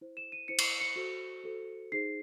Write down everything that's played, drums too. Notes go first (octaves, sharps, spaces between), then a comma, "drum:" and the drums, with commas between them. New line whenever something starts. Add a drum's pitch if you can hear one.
E4 C5
E7
D#7
E4 C5 C#7
C7, drum: cymbal
C#7
C#7
F#4 A4 C5
F#4 A4 C5
D#4 G#4 C5 C7